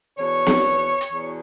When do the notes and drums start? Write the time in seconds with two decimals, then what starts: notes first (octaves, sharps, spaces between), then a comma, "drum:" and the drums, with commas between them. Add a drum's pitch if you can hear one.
0.18 E2 B2 C#5
0.47 drum: snare B3
1.01 drum: hi-hat
1.10 E2
1.16 B2